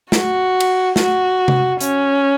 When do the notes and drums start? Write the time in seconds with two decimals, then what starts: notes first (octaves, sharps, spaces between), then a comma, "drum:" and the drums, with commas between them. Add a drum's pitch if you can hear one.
0.12 F#4, drum: snare
0.60 drum: cymbal
0.96 F#4, drum: snare
1.48 drum: tom C3
1.81 C#4, drum: hi-hat